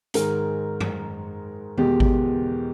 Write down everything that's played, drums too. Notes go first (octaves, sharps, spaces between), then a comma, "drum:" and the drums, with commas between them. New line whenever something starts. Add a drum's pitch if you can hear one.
G#2 D#3 G#3 A#4, drum: hi-hat
drum: tom F#2
E2 B2 G#3 G4, drum: tom D#3
drum: kick G#1